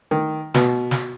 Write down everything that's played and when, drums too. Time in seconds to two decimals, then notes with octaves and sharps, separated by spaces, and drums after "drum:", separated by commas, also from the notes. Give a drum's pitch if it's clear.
0.11 D#3
0.54 B2, drum: snare
0.91 drum: snare